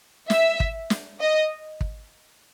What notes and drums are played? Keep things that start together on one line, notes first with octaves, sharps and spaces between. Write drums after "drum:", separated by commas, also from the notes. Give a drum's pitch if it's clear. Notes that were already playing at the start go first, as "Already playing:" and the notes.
E5, drum: snare
drum: kick
drum: snare
D#5
drum: kick